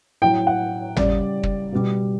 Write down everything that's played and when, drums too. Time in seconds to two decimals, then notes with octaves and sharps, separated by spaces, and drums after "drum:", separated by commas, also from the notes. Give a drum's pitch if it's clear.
0.22 A2 F#3 G5
0.47 F#5
0.97 C#3 G3 D5, drum: tom G#1
1.43 drum: kick
1.72 B2 G3